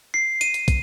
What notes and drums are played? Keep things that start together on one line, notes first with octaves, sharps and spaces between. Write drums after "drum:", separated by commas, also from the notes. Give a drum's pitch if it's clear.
C7
D#7, drum: hi-hat
drum: hi-hat
drum: kick, hi-hat